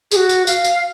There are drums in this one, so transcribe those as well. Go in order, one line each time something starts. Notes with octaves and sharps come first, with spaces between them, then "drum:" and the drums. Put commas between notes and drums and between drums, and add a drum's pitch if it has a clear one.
G#4, drum: tambourine
F#4
drum: tambourine
F5, drum: tambourine
drum: tambourine